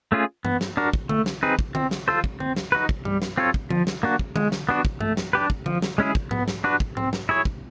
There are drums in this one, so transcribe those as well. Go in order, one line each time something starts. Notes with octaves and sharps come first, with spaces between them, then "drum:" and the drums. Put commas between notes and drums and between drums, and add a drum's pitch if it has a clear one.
A3 C#4 F4 G#4
B3, drum: tom G2
drum: snare
D4 F#4 A#4
drum: kick
A3, drum: tom D3
drum: snare
C4 D#4 G#4 B4
drum: kick
C4, drum: tom D3
drum: snare
F4 A4 C5
drum: kick
C4, drum: tom D3
drum: snare
D#4 F#4 B4
drum: kick
G3, drum: tom G2
drum: snare
C4 F4 A4 C#5
drum: kick
F3, drum: tom D3
drum: snare
A#3 D4 F#4
drum: kick
G#3, drum: tom D3
drum: snare
B3 D4 F#4
drum: kick
A3, drum: tom G2
drum: snare
D4 G4 B4
drum: kick
F3, drum: tom D3
drum: snare
G#3 C#4 E4 G#4
drum: kick
B3, drum: tom G#2
drum: snare
D4 F#4 B4
drum: kick
C4, drum: tom G#2
drum: snare
E4 G#4 C#5
drum: kick